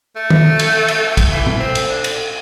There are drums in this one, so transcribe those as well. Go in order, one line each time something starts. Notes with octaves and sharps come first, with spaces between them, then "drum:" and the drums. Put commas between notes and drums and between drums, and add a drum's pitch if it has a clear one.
A3
drum: tom
drum: cymbal
drum: cymbal
drum: kick, cymbal
E3
drum: tom A#2
C4
drum: cymbal
D4
drum: cymbal